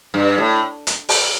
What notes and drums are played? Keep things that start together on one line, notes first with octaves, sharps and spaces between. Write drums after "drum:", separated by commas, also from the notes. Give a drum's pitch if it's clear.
G2
A2
drum: hi-hat
drum: open hi-hat